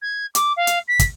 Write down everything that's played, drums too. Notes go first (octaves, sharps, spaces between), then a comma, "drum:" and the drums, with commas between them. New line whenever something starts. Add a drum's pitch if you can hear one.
G#6
D6, drum: hi-hat
F5
drum: hi-hat
B6
drum: kick, hi-hat